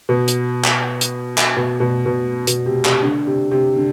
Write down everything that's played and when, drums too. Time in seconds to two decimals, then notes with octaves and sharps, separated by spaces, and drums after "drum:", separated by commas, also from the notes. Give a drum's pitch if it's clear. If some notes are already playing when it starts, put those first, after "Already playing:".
0.09 B2
0.28 drum: hi-hat
0.65 drum: clap
1.01 drum: hi-hat
1.38 drum: clap
1.56 B2
1.80 B2
2.06 B2
2.47 B2, drum: hi-hat
2.66 C3
2.85 C3, drum: clap
3.02 D3
3.27 C3
3.51 C3
3.76 D3